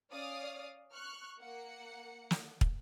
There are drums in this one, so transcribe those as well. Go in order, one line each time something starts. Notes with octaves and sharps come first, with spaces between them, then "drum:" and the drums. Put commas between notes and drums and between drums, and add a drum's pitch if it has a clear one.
C#4 D5 F5 D#6 F6
C#6 F6 F#6
A#3 F#5 C#7
drum: snare
drum: kick